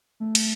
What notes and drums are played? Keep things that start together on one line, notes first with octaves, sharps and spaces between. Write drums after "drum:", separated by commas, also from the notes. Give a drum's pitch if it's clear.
A3
drum: cymbal